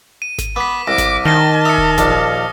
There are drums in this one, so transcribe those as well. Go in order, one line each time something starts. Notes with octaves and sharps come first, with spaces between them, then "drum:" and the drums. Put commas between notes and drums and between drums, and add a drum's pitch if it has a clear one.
D#7
drum: snare G#1
B3 B5 D6 B6
C2 D6 A#6
drum: snare G#1
D#3 A5 F6 A#6 G7
E5 D#6 C#7
drum: kick D#1
A#1 D#2 D4, drum: snare G#1